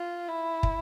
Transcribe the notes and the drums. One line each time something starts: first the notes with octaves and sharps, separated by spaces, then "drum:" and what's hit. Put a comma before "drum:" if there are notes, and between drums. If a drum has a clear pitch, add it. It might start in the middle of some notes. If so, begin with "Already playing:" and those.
Already playing: F4
E4
drum: kick